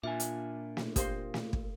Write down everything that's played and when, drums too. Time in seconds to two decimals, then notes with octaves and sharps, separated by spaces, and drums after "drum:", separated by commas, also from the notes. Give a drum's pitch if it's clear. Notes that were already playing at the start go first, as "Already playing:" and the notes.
0.03 A#2 D4 F4 E5 G#5
0.20 drum: hi-hat
0.77 drum: snare
0.96 G4 A#4 C5 F5 C6, drum: kick, hi-hat
1.34 drum: snare
1.53 drum: kick